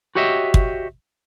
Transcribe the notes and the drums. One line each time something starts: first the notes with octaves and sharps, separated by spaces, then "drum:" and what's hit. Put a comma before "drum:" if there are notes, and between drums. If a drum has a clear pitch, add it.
F#4 G4 C#5 D#5 E5
drum: kick